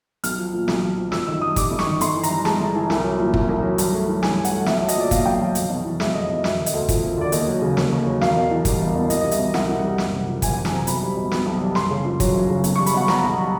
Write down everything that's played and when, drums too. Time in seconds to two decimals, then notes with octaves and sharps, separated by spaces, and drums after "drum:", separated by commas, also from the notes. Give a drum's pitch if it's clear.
0.24 B1 F6, drum: hi-hat
0.38 F3
0.53 A#2
0.68 B1, drum: snare
0.82 B1
0.97 F3
1.12 G1 E6, drum: snare
1.27 D#3 E6
1.41 G2 D#6
1.56 G3 D6, drum: kick, hi-hat
1.71 G1
1.79 C#6, drum: snare
1.86 D#3
2.01 G1 C6, drum: hi-hat
2.16 E3
2.23 A#5, drum: hi-hat
2.30 G2
2.45 G#3 A5, drum: snare
2.60 G1
2.75 E3
2.90 C2, drum: snare
3.04 F#3
3.19 A#2
3.34 C2, drum: kick
3.49 C2
3.63 F#3
3.78 G2, drum: hi-hat
3.93 A3
4.08 E3
4.23 G2 G#5, drum: snare
4.37 G2
4.45 F#5, drum: hi-hat
4.52 A3
4.66 B1 E5, drum: snare
4.78 F#3 E5
4.89 D#5, drum: hi-hat
4.96 A#2 D5
5.11 A#3 F5, drum: kick, hi-hat
5.26 B1 G5
5.41 F#3 F5
5.55 F1, drum: hi-hat
5.70 B2
5.84 E2
6.00 G#3 E5, drum: snare
6.14 F1 D#5
6.29 B2 D#5
6.44 E1 E5, drum: snare
6.59 D3
6.66 D#5, drum: hi-hat
6.74 D2
6.89 F3, drum: kick, hi-hat
7.03 E1
7.18 D3 D5
7.32 D#2 D#5, drum: hi-hat
7.47 F#3
7.62 C#3
7.77 D#2, drum: snare
7.92 D#2
8.06 F#3
8.21 E1 F5, drum: snare
8.36 B2
8.51 E2
8.65 G3, drum: kick, hi-hat
8.81 E1
8.95 B2
9.10 C2 D#5, drum: hi-hat
9.21 G3 D#5
9.31 E5, drum: hi-hat
9.39 B2
9.54 C2 F#5, drum: snare
9.69 C2
9.84 G3
9.98 F#1, drum: snare
10.13 C3
10.28 F2
10.42 F#1 G#5, drum: kick, hi-hat
10.53 F#1 G#5
10.65 A5, drum: snare
10.72 C3 A#5
10.87 B1 B5, drum: hi-hat
11.02 G3
11.17 B2
11.31 B3, drum: snare
11.46 B1
11.61 G3
11.75 F#1 C6, drum: snare
11.90 C#3
12.05 F2
12.20 F#3, drum: kick, hi-hat
12.35 F#1
12.50 C#3
12.64 B1, drum: hi-hat
12.76 G3 C#6
12.86 B5, drum: hi-hat
12.94 B2 F#5
13.08 B3 A#5, drum: snare
13.23 B1
13.38 G3